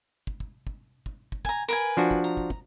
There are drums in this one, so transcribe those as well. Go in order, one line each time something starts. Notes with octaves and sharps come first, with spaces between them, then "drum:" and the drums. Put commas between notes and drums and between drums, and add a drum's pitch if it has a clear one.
drum: kick
drum: kick
drum: kick
drum: kick
drum: kick
G#5 A#5, drum: kick
A#4 B4 G#5
F3 D4 F#4
drum: kick
A#5
drum: kick
drum: kick